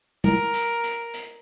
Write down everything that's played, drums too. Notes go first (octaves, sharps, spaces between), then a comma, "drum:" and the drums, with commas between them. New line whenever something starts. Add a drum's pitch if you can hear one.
A#4, drum: tom
drum: hi-hat
drum: hi-hat
drum: hi-hat